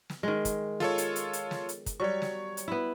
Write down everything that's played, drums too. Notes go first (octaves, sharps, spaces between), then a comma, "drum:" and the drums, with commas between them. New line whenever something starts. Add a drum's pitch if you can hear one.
drum: snare
D#3 G#3
drum: kick, hi-hat
F4 A4 C#5, drum: snare
drum: hi-hat
drum: hi-hat
drum: hi-hat
drum: snare
drum: hi-hat
drum: kick, hi-hat
F#3 G3 C#5 C#6
drum: snare
drum: hi-hat
B3 E4